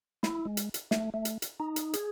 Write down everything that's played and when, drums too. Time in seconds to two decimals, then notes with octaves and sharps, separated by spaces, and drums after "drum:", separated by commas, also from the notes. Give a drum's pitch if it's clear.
0.23 E4, drum: snare
0.45 G#3
0.57 drum: hi-hat
0.74 drum: hi-hat
0.91 A3, drum: snare
1.14 A3
1.25 drum: hi-hat
1.42 drum: hi-hat
1.60 D#4
1.76 drum: hi-hat
1.93 G#4, drum: hi-hat